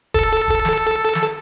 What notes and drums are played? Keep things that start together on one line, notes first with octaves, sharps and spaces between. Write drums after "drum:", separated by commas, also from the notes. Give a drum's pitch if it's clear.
A4, drum: kick E1
drum: kick E1
drum: snare
drum: snare